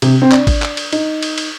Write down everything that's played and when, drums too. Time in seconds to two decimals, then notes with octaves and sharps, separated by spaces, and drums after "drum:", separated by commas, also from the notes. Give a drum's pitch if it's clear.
0.02 C3, drum: cymbal
0.22 C4
0.32 D4, drum: clap
0.47 drum: kick, cymbal
0.62 drum: clap
0.77 drum: cymbal
0.92 D#4, drum: cymbal
1.23 drum: cymbal
1.38 drum: cymbal